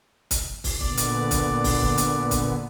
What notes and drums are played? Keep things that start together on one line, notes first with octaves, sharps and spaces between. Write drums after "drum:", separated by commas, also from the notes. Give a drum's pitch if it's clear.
drum: kick, hi-hat
drum: kick, open hi-hat
A#2 D3 B3 D5, drum: kick
drum: hi-hat
drum: kick, hi-hat
drum: kick, open hi-hat
drum: kick
drum: hi-hat
drum: kick, hi-hat